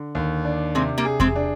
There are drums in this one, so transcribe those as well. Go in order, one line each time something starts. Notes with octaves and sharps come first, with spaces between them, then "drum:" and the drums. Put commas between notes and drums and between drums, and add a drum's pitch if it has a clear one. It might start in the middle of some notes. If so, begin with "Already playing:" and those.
Already playing: D3
D#2
D4
C3 G#3 C4
G3 A#3
G#4
G#3 C4, drum: kick E2
D4